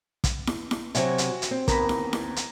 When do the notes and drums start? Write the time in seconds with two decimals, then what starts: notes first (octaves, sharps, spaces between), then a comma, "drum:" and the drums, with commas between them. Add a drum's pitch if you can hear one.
0.24 drum: kick, hi-hat
0.47 drum: snare E4
0.71 drum: snare E4
0.95 C3 F#3 F#4 C5 E5 G#5, drum: hi-hat
1.18 drum: hi-hat
1.42 drum: hi-hat
1.51 C4
1.68 D#2 B3 A#4 A#5 B5 A#6, drum: kick, hi-hat
1.89 drum: snare E4
2.13 drum: snare E4
2.36 drum: hi-hat